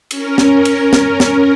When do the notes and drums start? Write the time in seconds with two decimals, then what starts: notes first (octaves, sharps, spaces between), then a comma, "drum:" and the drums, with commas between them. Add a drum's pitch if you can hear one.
0.11 C#4 A#4, drum: cymbal
0.38 drum: snare
0.65 drum: cymbal
0.93 drum: snare
1.20 drum: snare